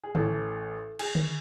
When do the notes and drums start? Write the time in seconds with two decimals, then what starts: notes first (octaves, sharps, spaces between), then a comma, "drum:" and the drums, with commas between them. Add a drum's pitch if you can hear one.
0.04 G#4
0.15 A1 A2 E3 A4, drum: tom D3
0.99 G#4, drum: cymbal
1.15 drum: tom D3